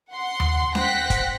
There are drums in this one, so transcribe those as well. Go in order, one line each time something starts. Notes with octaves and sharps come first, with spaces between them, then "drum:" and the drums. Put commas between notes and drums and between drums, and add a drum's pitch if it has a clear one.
F#5 C6
drum: tom D#2
C5 F#5 G5 F#6 A#6 B6, drum: snare C#4
drum: kick, hi-hat